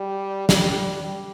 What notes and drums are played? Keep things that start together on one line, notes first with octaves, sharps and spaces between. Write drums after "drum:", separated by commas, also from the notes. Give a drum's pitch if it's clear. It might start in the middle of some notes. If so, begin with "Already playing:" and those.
Already playing: G3
G3, drum: snare
G3